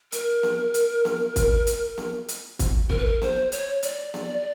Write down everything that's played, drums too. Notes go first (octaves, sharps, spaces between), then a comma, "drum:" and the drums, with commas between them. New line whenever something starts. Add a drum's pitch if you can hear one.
A#4, drum: hi-hat
drum: snare B3
drum: hi-hat
drum: snare B3
drum: kick, hi-hat
drum: hi-hat
drum: snare B3
drum: hi-hat
drum: kick, hi-hat
A#4, drum: kick
B4
A#4
C5, drum: snare B3
C#5, drum: hi-hat
D5, drum: hi-hat
drum: snare B3